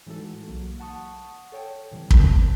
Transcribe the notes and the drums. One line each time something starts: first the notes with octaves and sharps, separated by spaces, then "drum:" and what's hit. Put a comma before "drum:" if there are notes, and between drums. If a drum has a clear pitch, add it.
A2 E3 G#3 D#4 F#4 A4
B1 F#3 A#3 F#4
F#5 A5 C#6 D#6
A4 C#5 G5
A2 C3 E3 G3
D#2 B2 F#3 C4 A#4 A5, drum: kick